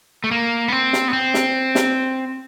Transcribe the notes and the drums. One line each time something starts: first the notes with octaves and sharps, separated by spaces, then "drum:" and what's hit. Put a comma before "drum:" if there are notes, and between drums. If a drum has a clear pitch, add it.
A3
A#3
B3
C4
drum: snare
B3
C4
drum: snare
drum: snare